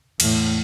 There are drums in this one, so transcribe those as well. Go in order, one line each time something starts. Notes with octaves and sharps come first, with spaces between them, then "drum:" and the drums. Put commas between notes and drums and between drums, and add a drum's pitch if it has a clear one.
E2 A2 E3 A3, drum: cymbal